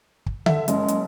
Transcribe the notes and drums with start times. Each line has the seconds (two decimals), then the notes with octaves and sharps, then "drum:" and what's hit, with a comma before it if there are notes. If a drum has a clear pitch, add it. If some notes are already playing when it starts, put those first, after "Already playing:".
0.26 drum: kick
0.46 D3 E5, drum: tom D3
0.68 F#1 G#3, drum: hi-hat
0.88 drum: hi-hat